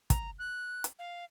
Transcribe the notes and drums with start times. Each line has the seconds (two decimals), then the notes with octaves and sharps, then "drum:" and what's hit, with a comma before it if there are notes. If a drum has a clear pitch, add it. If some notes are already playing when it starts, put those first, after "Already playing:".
0.10 A#5, drum: kick, hi-hat
0.39 F#6
0.84 drum: hi-hat
0.99 F5